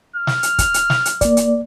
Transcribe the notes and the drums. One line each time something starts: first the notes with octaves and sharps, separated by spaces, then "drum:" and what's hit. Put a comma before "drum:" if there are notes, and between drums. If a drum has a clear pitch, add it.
F6
drum: snare
drum: hi-hat
drum: kick, hi-hat
drum: hi-hat
drum: snare
drum: hi-hat
A#3 D5, drum: kick, hi-hat
drum: hi-hat